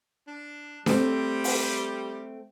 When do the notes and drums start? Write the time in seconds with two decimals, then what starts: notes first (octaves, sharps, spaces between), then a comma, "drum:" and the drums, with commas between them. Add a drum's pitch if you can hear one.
0.27 D4
0.86 G3 A3 C4, drum: snare D4
1.44 drum: open hi-hat